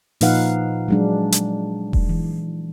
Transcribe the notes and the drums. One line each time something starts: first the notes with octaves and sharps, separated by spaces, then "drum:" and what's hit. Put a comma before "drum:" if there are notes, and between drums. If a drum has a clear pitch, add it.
A#2 F3 D#4 B4 F5 F#5, drum: open hi-hat
F#3 G#3 D4
drum: hi-hat
drum: kick E1
E3